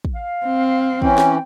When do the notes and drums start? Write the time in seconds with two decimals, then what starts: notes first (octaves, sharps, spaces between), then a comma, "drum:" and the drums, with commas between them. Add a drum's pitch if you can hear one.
0.05 drum: kick
0.15 F5
0.46 C4
1.02 E3 C#4 G5, drum: kick
1.18 drum: snare